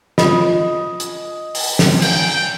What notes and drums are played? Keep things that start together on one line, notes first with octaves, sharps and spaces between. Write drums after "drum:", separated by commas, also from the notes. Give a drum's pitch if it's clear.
F4 D#5, drum: snare
drum: hi-hat
drum: open hi-hat
drum: snare
G5, drum: cymbal